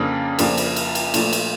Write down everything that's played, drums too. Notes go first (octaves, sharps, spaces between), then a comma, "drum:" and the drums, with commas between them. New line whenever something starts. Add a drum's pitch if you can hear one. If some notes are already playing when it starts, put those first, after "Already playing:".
Already playing: F2 C#3 F3 A#3 D4
F2 C#3 F3 A#3 D4, drum: cymbal
drum: cymbal
drum: cymbal
drum: cymbal
A#2 F3 A3 D4, drum: cymbal
drum: cymbal